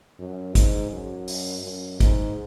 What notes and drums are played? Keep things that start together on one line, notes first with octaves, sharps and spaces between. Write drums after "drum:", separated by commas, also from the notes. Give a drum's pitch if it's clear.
F#2
G#2, drum: kick, hi-hat
F#2
drum: open hi-hat
F#2
G#2, drum: kick, hi-hat